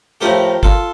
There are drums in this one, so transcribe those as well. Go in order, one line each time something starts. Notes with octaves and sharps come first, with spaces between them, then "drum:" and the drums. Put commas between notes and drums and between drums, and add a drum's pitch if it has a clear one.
A2 F3 A3 G4 A#4
F4 A4, drum: kick